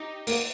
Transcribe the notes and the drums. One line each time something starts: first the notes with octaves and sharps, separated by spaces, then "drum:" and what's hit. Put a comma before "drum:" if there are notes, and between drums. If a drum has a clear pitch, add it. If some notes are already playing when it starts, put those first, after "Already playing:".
Already playing: D#4 G4
A#3, drum: open hi-hat